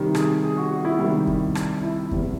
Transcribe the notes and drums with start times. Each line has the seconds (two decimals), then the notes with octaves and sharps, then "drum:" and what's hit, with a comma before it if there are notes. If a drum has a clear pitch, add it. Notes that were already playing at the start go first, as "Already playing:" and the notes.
Already playing: C3 D#3 G3
0.15 G#4, drum: rim click
0.44 G#4
0.57 F#4
0.71 F#4
0.85 E4
0.99 C3 D#3 G3
1.27 drum: kick
1.55 drum: rim click
1.83 E4
2.11 E2 C3 F3, drum: kick